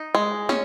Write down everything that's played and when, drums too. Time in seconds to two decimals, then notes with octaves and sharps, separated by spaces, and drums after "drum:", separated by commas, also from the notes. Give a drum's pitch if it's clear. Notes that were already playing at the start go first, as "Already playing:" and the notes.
Already playing: D#4
0.15 G#3
0.49 C#4, drum: snare